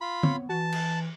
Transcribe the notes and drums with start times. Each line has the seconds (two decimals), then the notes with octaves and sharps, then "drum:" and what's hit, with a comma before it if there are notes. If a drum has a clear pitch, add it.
0.01 F4 B5
0.23 B3 C4 C#5, drum: tom
0.49 E3 F#4 A5
0.72 drum: cymbal